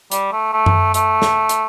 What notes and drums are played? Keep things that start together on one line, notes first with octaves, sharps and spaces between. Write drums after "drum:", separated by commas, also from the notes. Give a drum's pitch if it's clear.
G3, drum: hi-hat
A3
A3
drum: tom F#2
A3, drum: hi-hat
drum: snare
drum: hi-hat